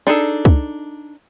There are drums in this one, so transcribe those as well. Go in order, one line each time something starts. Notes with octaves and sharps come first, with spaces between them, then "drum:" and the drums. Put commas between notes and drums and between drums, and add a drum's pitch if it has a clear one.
D4 D#4 G#4 A4
drum: kick